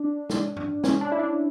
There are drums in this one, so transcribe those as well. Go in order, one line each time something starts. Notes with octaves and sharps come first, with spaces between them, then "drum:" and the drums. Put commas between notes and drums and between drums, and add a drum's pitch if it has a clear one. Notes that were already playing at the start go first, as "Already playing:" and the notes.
Already playing: D4
drum: snare
drum: tom G2
C#4, drum: snare
D4
E4
D4